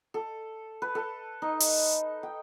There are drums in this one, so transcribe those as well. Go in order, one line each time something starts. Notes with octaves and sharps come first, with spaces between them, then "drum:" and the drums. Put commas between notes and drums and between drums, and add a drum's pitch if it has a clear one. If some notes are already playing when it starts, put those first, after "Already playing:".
A4
B4
A4
D#4
drum: open hi-hat
G5